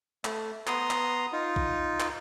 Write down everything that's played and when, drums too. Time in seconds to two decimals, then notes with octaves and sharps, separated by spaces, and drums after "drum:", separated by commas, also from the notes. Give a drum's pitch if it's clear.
0.25 A3, drum: clap
0.67 B3 A#5 C6 D#6, drum: clap
0.90 drum: clap
1.33 D#4 F4
1.56 drum: kick A#1
2.00 drum: clap